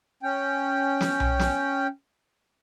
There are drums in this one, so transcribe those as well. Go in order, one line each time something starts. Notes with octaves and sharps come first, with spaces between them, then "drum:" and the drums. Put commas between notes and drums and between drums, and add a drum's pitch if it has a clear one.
C#4 G5
drum: snare
drum: tom B1
drum: snare